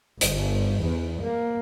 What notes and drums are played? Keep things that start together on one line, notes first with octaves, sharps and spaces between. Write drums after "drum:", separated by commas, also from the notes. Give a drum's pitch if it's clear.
G1, drum: hi-hat
E2
A#3